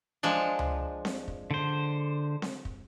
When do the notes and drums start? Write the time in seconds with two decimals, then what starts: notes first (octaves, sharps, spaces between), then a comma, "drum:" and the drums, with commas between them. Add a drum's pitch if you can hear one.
0.23 F3 G#3 D4
0.59 drum: tom C#2
1.05 drum: snare C4
1.28 drum: kick
1.51 D3 C5
2.42 drum: snare C4
2.65 drum: kick